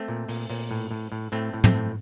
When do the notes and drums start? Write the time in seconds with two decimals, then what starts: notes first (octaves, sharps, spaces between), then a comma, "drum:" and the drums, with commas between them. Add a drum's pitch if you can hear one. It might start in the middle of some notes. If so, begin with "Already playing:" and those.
Already playing: A3 C4
0.08 A#2
0.28 A#2, drum: open hi-hat
0.50 A#2, drum: open hi-hat
0.71 A2
0.91 A2
1.12 A2
1.32 A2 A3 C4
1.54 A2
1.64 A3 C4, drum: tom
1.74 A2